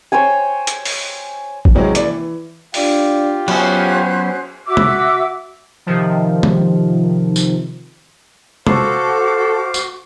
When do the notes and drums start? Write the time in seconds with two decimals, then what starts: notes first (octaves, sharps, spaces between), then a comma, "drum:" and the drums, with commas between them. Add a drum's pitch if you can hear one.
0.12 C5 C#5 G5 G#5
0.67 drum: hi-hat
0.85 drum: open hi-hat
1.65 drum: kick A1
1.75 C3 E3 F#3 G#3 C4 C#4
1.95 E3 A#3 D5, drum: hi-hat
2.07 E3
2.74 D4 F4 G4 D5 F5, drum: open hi-hat
3.48 F#3 B3 C#4 F#4 C5 C#5 G#5 F#6, drum: cymbal
4.66 F#4 E5 D6 E6
4.77 drum: tom C3
5.86 C3 D#3 F3
6.43 drum: tom C3
7.36 drum: tambourine
8.67 F#4 A4 C5 F5 D6, drum: tom C3
9.74 drum: tambourine